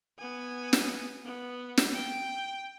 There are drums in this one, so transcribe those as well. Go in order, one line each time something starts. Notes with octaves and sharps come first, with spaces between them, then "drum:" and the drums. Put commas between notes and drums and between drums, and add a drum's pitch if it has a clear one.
B3 G#5
drum: snare
B3
drum: snare
G5